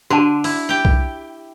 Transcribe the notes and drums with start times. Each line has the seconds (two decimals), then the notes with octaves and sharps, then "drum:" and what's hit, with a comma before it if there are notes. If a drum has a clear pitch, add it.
0.10 D3 F#4 A5
0.44 E4, drum: open hi-hat
0.69 G4 G5
0.85 drum: kick